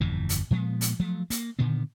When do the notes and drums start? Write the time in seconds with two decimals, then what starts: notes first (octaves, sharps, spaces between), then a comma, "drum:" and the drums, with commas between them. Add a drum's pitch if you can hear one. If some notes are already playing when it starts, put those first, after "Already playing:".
0.01 G1 F2 A2 E3
0.29 drum: hi-hat
0.51 A#2 F3 G#3 B3
0.81 drum: hi-hat
0.99 F3 F#3 A3
1.30 A#3, drum: hi-hat
1.59 A#2 D3 D#3 B3